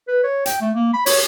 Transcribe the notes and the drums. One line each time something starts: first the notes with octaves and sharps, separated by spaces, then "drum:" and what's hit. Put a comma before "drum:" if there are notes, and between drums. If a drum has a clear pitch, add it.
B4
C#5
G5, drum: hi-hat
A3
A#3
B5
C#5, drum: open hi-hat